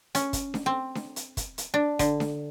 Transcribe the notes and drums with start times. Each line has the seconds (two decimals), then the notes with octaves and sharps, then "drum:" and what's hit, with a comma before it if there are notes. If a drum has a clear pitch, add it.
0.15 C#4, drum: hi-hat
0.33 drum: kick, hi-hat
0.54 drum: snare D4
0.66 C4
0.95 drum: snare D4
1.16 drum: hi-hat
1.37 drum: kick, hi-hat
1.58 drum: hi-hat
1.74 D4
1.99 D3, drum: kick, hi-hat
2.20 drum: snare D4